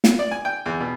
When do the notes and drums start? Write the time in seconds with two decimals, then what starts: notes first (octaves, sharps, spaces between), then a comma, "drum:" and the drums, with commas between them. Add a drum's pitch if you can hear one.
0.04 drum: snare
0.19 D5
0.31 G#5
0.45 G5
0.66 E2
0.80 B2